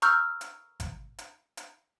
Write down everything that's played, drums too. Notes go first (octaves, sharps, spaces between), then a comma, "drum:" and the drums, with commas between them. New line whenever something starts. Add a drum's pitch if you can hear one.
A#5 C#6 E6 F6 G6, drum: hi-hat
drum: hi-hat
drum: kick G#1, hi-hat
drum: hi-hat
drum: hi-hat